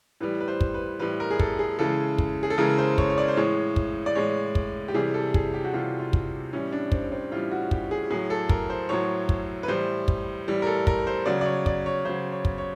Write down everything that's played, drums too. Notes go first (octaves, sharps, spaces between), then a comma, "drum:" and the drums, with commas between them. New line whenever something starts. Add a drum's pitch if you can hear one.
A2 E3 G3 B4
B4
C5
drum: kick
B4
A2 E3 G3 B4
A#4
G#4
A4, drum: kick
G#4
C#3 E3 G#3 A4
drum: kick
G#4
A4
C#3 E3 G#3 A#4
C5
C#5, drum: kick
C#5
D5
C5
A2 E3 G#3 C#5
drum: kick
D5
A2 E3 G#3 C#5
drum: kick
G4
C3 E3 G3 G#4
A4
G#4, drum: kick
G4
F#4
C3 E3 G3 F4
F4
drum: kick
A2 E3 G3 C#4
D4
C4, drum: kick
C4
A2 E3 G3 F4
F#4
G4, drum: kick
G#4
A2 F#3 G#4
A4
A#4, drum: kick
C5
A2 F#3 C#5
drum: kick
B4
A2 E3 G3 C5
drum: kick
A2 E3 G3
A#4
A4
A#4, drum: kick
C5
C#3 F#3 D5
D5
C#5
D5, drum: kick
C#5
C#3 F#3 C5
C#5
drum: kick
C#5